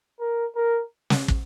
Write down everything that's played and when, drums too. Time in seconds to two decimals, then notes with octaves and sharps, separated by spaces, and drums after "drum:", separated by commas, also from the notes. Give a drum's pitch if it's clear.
0.20 A#4
0.56 A#4
1.10 drum: snare
1.28 drum: kick